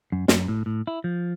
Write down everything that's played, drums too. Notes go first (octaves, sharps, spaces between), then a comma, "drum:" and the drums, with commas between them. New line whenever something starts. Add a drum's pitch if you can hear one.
F#2
F#2, drum: snare
A2
A2
E4
F3